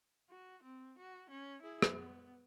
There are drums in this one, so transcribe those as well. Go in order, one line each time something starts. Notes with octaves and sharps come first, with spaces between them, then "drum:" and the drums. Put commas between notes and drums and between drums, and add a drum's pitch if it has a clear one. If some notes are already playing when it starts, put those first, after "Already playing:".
F#4
C4
F#4
C#4
E4 G#4
drum: rim click
B3